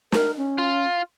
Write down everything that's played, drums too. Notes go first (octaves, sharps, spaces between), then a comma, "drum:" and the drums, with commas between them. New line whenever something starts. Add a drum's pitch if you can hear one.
A#4, drum: snare
C#4
F4